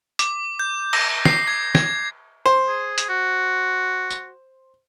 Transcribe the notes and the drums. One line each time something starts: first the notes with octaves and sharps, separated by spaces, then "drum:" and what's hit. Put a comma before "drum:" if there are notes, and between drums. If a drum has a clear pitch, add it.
D6, drum: hi-hat
G6
A#6, drum: cymbal
C7, drum: snare
G#6
G#6, drum: snare
C5
G#4
drum: hi-hat
F#4
drum: tambourine